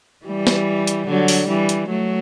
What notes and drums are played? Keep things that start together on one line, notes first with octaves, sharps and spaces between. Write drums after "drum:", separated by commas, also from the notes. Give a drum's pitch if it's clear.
E3 G3
drum: snare
drum: hi-hat
D3 F#3
drum: open hi-hat
E3 G3
drum: hi-hat
F#3 A3